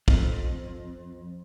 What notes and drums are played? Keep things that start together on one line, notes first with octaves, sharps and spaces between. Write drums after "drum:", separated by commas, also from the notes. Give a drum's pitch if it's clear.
F2, drum: kick